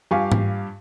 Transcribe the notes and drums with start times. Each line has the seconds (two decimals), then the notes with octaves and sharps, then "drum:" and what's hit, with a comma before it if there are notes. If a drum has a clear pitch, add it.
0.11 G2 F4 G4 F5 G#5 C#6
0.32 drum: tom G#2